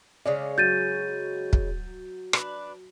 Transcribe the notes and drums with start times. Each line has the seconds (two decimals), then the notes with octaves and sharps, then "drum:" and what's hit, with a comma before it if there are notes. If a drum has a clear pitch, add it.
0.26 C#3 G#3 C#4 D5
0.58 F#3 G6 A6 D#7
1.53 drum: kick
2.33 D4 B4, drum: rim click